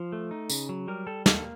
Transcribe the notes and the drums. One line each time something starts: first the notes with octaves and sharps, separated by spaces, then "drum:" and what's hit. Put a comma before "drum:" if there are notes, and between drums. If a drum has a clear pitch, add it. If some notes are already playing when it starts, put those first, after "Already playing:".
Already playing: F3
A3
D#4
C#3, drum: tambourine
F#3
G3 A#4
G3 A4
A#3 A4, drum: snare